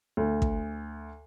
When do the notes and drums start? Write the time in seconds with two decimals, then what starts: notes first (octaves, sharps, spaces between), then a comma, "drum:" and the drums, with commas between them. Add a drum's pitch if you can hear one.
0.17 D2
0.42 drum: kick